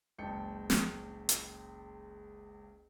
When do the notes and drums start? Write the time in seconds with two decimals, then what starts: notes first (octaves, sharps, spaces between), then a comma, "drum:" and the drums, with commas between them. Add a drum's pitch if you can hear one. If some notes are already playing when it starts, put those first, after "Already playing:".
0.18 F#1 C#2 G5 A5 C#7
0.70 drum: snare
1.29 drum: hi-hat